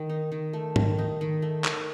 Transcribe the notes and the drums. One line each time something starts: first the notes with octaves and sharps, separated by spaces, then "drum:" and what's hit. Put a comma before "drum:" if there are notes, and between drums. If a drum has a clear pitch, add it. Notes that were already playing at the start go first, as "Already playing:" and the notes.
Already playing: D#3
D#4
D#3
A3
D#3, drum: tom G#2
D#4
D#3
A3
D#3, drum: clap